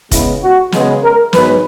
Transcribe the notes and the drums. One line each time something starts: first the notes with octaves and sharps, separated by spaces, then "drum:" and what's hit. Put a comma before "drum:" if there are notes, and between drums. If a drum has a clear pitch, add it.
C#3 G#3 B3 E4, drum: kick, hi-hat
F#4
C#3 G#3 B3, drum: snare
A#4
G#2 F#3 B3 B4, drum: snare